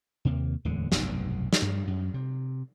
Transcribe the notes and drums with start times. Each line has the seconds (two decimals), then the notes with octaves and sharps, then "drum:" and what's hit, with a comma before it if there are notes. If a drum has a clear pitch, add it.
0.25 D#2 C3 A#3
0.65 D1 E2 D3 G#3
0.92 F1 B1 G2 B2, drum: snare
1.53 drum: snare
1.62 G2 G3
1.87 F#2
2.14 C3